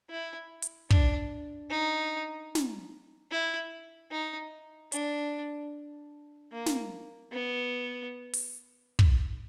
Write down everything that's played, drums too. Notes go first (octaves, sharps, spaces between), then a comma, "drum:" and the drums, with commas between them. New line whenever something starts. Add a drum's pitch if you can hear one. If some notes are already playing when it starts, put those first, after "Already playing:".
E4
drum: hi-hat
D4, drum: kick
D#4
drum: snare
E4
D#4
D4, drum: hi-hat
A#3
drum: snare
B3
drum: open hi-hat
drum: kick